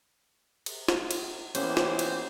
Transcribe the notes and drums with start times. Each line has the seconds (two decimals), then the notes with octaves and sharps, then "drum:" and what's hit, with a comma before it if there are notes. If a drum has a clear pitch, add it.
0.66 drum: cymbal
0.88 drum: snare
1.11 drum: cymbal
1.55 E3 A#3 B3 C#4 G4 C5, drum: cymbal
1.77 drum: snare
1.99 drum: cymbal